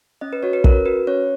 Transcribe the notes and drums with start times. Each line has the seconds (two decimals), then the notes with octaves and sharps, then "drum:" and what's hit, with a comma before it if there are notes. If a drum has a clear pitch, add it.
0.21 C#4 D#5
0.33 B4
0.43 F#4 C#5
0.53 B4
0.64 C#4 A#4, drum: kick
0.85 F#4 B4
1.07 C#4 C#5